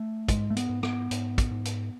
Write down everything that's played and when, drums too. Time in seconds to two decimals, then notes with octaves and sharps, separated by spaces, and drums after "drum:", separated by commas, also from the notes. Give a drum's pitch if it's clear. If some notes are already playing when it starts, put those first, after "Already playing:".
Already playing: A3
0.29 G#2 G#3, drum: kick, hi-hat
0.50 A3
0.57 B3, drum: hi-hat
0.70 G#2
0.83 B3, drum: rim click
1.11 G#2, drum: hi-hat
1.38 drum: kick, hi-hat
1.51 G#2
1.65 drum: hi-hat